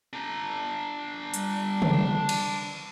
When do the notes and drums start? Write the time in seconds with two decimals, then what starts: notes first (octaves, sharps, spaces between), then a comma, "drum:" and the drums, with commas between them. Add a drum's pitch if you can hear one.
0.13 D4 A#5
1.34 G3, drum: hi-hat
1.82 drum: tom
2.29 drum: cymbal